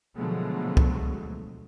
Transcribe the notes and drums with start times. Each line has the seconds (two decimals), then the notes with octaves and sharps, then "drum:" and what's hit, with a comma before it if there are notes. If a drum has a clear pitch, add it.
0.16 B2 D3 F3 F#3 G#3 A3
0.77 drum: kick